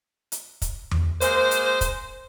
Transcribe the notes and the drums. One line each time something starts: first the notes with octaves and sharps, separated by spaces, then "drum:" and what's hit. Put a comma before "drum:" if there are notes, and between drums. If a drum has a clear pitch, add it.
drum: hi-hat
drum: kick, hi-hat
drum: tom E2
G#3 A#3 C5, drum: hi-hat
drum: hi-hat
drum: kick, hi-hat